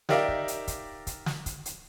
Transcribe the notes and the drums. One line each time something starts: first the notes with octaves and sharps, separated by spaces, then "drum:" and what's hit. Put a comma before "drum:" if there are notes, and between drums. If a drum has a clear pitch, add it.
D#4 G4 A#4 D5 E5 F5, drum: snare
drum: kick
drum: hi-hat
drum: kick, hi-hat
drum: kick, hi-hat
drum: snare
drum: kick, hi-hat
drum: hi-hat